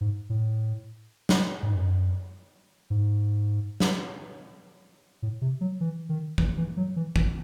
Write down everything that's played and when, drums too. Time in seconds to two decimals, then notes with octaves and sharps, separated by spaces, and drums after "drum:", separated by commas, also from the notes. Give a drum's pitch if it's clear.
0.01 G#2
0.30 A2
1.29 drum: snare
1.63 G#2
1.75 F#2
2.90 G#2
3.80 drum: snare
5.22 A2
5.41 C3
5.61 F#3
5.81 E3
6.09 D#3
6.38 E3, drum: kick
6.57 E3
6.77 F#3
6.96 E3
7.16 E3, drum: kick